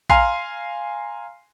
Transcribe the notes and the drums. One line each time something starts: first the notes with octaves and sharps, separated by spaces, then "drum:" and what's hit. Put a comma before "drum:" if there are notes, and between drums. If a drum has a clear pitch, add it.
F5 G#5 A#5 C6 F6 C7, drum: kick A#1